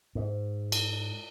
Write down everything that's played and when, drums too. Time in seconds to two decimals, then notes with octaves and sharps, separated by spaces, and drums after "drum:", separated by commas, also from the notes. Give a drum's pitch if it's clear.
0.15 G#2
0.72 drum: cymbal